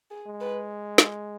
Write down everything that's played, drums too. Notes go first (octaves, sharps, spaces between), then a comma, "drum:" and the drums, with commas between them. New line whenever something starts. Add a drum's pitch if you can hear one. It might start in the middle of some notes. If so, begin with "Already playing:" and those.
G#4
G#3
B4
drum: snare